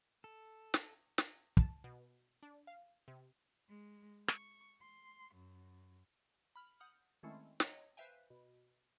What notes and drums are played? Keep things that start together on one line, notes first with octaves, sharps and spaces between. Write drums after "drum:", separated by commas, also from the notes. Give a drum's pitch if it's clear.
A4
drum: snare
drum: snare
A5, drum: kick
B2
D4
F5
C3
G#3
C#6, drum: rim click
C6
F#2
B5 F6
F#5 D#6 F6 G6
D#3 G#3 A3 C4 C#4 E4
C#5 D#5 F#5 G5 A#5 C6, drum: snare
B4 C5 E5 F5 G5 G#5
B2